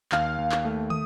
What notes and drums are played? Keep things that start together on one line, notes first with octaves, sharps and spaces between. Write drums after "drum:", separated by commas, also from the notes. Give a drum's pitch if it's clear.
D#2 F5 F6, drum: clap
D#2
drum: clap
A3
D#6, drum: tom